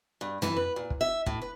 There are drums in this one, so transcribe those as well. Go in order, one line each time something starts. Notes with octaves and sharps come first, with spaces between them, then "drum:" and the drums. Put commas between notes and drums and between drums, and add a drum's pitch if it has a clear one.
G2
E3, drum: tom
B4
A#2
drum: kick
E5
A2, drum: kick
B4